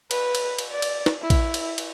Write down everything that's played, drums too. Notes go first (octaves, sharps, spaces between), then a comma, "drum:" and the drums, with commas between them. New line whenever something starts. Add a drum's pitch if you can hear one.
B4, drum: cymbal
drum: cymbal
drum: cymbal
D5
drum: cymbal
drum: snare
E4
drum: kick A#1, cymbal
drum: cymbal
drum: cymbal